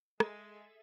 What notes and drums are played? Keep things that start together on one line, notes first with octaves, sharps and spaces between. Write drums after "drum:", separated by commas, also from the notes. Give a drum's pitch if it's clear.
G#3 G#4 A4 E5, drum: rim click